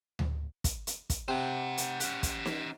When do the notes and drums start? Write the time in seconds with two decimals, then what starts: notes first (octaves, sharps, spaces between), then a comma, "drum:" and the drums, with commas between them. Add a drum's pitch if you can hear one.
0.19 drum: tom D2
0.64 drum: kick, hi-hat
0.87 drum: hi-hat
1.10 drum: kick, hi-hat
1.28 C3 C5 F#5
1.78 drum: hi-hat
2.00 C#4 G4 F#5, drum: hi-hat
2.23 drum: kick, hi-hat
2.45 drum: snare